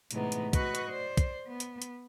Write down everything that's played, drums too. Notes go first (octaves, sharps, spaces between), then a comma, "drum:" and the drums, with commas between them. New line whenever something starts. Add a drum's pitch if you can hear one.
A2 C3 E3 G#3 B3 D#4, drum: hi-hat
drum: hi-hat
F#4 B4 D#5 C#6 F#6, drum: kick, hi-hat
drum: hi-hat
C5 D5
drum: kick, hi-hat
B3
drum: hi-hat
drum: hi-hat